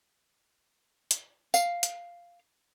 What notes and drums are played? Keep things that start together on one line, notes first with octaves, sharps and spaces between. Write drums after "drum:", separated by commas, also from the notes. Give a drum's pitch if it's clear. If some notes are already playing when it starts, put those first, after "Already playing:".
drum: hi-hat
F5, drum: tambourine
drum: hi-hat